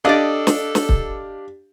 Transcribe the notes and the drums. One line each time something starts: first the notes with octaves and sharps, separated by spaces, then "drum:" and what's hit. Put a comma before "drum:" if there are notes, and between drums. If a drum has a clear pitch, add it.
D4 G4 A4 D5 D#5 F5
drum: snare
drum: snare
drum: kick C#1